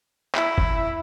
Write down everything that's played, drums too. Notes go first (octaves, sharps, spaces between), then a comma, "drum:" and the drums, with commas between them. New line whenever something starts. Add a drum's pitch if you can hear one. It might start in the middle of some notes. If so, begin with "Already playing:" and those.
E4, drum: clap
drum: kick